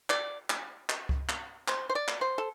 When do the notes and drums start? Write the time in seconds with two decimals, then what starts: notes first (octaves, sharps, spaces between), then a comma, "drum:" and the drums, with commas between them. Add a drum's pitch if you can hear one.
0.10 D5, drum: clap
0.50 drum: clap
0.89 drum: clap
1.09 drum: kick C#2
1.29 drum: clap
1.68 C5, drum: clap
1.89 C5
1.95 D5
2.08 drum: clap
2.21 C5
2.38 A4